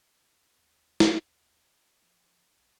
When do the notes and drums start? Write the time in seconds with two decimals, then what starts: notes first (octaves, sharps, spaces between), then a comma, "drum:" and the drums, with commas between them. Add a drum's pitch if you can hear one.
0.58 D#2
1.00 drum: snare
2.02 F3
2.57 B1